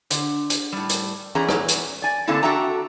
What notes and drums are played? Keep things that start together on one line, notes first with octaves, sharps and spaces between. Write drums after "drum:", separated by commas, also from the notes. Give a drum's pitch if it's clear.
D3, drum: hi-hat
drum: hi-hat
A2 G3
drum: hi-hat
E2 C#4 G#4 D5 A#5
drum: rim click
drum: hi-hat
D5 G#5
D3 A3 A#3 C4 E4
D4 F#4 A4 E5 G5 A#5